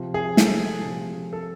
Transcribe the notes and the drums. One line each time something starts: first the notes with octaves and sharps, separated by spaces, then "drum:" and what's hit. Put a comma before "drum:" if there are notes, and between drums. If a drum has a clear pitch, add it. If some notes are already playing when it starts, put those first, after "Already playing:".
Already playing: C3 F3
G#4
A4, drum: snare
C3 F3
A4